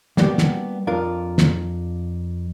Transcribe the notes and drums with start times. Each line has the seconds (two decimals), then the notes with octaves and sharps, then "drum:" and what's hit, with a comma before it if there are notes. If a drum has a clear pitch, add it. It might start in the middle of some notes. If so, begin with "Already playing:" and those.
0.17 G3 A#3 B3 D4 F#4 G4, drum: snare
0.38 drum: snare
0.87 F2 D4 F4 A#4
1.38 drum: snare